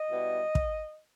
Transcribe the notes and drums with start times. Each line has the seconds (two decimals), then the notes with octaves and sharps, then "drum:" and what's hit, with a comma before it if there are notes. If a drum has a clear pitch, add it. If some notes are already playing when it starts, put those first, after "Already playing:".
Already playing: D#5
0.09 B2 G3 B3 E4
0.55 drum: kick